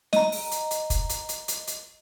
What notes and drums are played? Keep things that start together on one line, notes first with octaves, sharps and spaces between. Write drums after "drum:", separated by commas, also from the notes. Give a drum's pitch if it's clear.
D#5 A#5, drum: snare
drum: open hi-hat
drum: hi-hat
drum: hi-hat
drum: kick, hi-hat
drum: hi-hat
drum: hi-hat
drum: hi-hat
drum: hi-hat